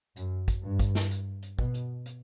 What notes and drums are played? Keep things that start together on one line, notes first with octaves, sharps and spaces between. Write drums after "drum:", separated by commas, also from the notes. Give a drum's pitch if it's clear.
F#2, drum: hi-hat
drum: kick, hi-hat
G2
drum: kick, hi-hat
drum: snare
drum: hi-hat
drum: hi-hat
B2, drum: kick
drum: hi-hat
drum: hi-hat